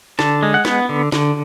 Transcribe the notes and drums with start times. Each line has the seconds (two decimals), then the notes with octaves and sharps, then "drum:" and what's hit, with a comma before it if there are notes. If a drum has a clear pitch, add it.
0.19 D3 A5, drum: snare
0.43 G#3
0.54 F#5
0.65 B3, drum: snare
0.89 D3
1.12 D3, drum: snare